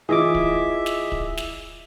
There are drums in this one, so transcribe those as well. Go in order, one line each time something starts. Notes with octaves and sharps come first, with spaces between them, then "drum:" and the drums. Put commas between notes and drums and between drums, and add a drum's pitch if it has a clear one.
E3 E4 F4 G#4 C#5 D#5 E5 D6
drum: kick
drum: snare
drum: kick
drum: snare